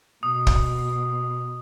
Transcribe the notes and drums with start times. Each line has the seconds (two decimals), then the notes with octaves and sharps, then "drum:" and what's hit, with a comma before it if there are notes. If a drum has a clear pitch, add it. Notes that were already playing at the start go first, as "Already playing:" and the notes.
0.23 B2 D#6
0.47 drum: kick